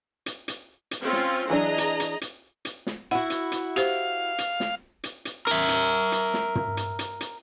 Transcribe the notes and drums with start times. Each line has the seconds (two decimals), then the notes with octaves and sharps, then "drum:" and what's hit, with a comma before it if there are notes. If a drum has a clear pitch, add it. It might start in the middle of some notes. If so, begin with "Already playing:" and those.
0.26 drum: hi-hat
0.48 drum: hi-hat
0.91 drum: hi-hat
1.01 C4 C#4 F4
1.13 drum: snare
1.50 E3 F#3 D4 G#4 D#5 A#5
1.78 drum: hi-hat
2.00 drum: hi-hat
2.21 drum: hi-hat
2.65 drum: hi-hat
2.87 drum: snare
3.11 E4 F#4 F#5
3.30 drum: hi-hat
3.52 drum: hi-hat
3.76 G4 C5 F5, drum: hi-hat
4.38 drum: hi-hat
4.60 drum: snare
5.04 drum: hi-hat
5.25 drum: hi-hat
5.47 A#4 E5, drum: hi-hat
5.69 drum: hi-hat
6.12 drum: hi-hat
6.34 drum: snare
6.55 drum: tom
6.77 drum: hi-hat
6.99 drum: hi-hat
7.21 drum: hi-hat